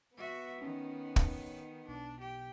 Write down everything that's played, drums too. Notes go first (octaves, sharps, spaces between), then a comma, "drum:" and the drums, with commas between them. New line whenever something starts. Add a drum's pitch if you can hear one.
B3 F#4 E5
D#3 C#4
drum: kick
B1 D4
G4 G5